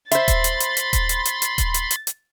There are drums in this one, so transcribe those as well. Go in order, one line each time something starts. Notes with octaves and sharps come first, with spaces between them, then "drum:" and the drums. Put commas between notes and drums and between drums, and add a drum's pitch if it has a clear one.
C5 E5 B5 C6 A6, drum: hi-hat
drum: kick D#1, hi-hat
drum: hi-hat
drum: hi-hat
drum: hi-hat
drum: kick D#1, hi-hat
drum: hi-hat
drum: hi-hat
drum: hi-hat
drum: kick D#1, hi-hat
drum: hi-hat
drum: hi-hat
drum: hi-hat